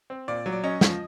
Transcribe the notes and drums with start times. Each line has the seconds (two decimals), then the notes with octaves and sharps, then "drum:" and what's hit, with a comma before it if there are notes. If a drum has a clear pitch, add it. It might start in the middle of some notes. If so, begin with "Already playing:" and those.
0.10 C4
0.28 A#2 D5
0.46 F#3
0.52 D5
0.64 C#4 D#5
0.81 F3, drum: snare